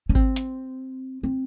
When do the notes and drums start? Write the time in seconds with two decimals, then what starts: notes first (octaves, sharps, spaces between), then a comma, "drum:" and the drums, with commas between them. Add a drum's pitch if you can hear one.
0.09 C#4
0.15 C4, drum: kick G#1
0.36 drum: hi-hat
1.23 C4